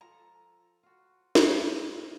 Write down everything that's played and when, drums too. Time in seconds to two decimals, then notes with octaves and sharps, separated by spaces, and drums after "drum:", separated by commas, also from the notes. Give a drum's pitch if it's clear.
0.01 F3 A4 A#5
0.83 F4 F#4
1.35 G3, drum: snare